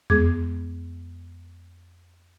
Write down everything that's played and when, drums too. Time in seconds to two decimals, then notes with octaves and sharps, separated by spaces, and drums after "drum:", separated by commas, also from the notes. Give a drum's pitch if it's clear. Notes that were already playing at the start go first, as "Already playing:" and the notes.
0.10 F2 G#3 B3 G#4 D6 G#6, drum: tom E2